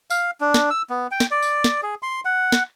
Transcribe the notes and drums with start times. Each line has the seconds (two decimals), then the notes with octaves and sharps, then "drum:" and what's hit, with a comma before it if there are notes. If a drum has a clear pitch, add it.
0.10 F5, drum: tambourine
0.41 D4
0.54 drum: snare
0.70 E6
0.90 B3
1.11 G5
1.20 drum: snare
1.31 D5
1.42 drum: tambourine
1.64 drum: snare
1.83 G#4
2.03 C6
2.25 F#5
2.52 drum: snare